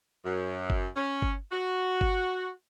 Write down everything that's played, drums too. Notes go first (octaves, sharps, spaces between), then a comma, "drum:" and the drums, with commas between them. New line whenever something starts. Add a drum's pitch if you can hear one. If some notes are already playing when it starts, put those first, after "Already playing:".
F#2
drum: kick G1
C#4
drum: kick G1
F#4
drum: kick G1